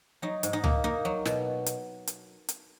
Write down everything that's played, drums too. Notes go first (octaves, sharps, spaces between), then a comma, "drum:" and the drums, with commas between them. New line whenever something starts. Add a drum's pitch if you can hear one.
F#3 D#4
G#2, drum: hi-hat
D#4
A#3, drum: tom C#2
A#3 D#4
F#3
B2, drum: snare
drum: hi-hat
drum: hi-hat
drum: hi-hat